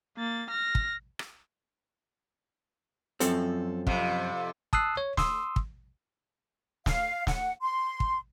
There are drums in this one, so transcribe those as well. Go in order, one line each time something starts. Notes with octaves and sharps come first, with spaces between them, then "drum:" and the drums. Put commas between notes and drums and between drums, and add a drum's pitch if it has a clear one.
A#3 A6
F6 A#6
drum: kick
drum: rim click
F#2 F3 C4 A4, drum: hi-hat
F2 C3, drum: kick
A5 D#6 E6 F#6 C7, drum: kick
C#5
C6 D#6 E6, drum: snare
drum: kick
F5, drum: snare
F#5, drum: snare
C6
drum: kick